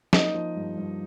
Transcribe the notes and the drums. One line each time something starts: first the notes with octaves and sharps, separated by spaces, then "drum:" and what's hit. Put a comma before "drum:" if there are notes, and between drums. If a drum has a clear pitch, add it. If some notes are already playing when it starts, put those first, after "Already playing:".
A#3 D#4 D#5, drum: snare
F3
G2
G2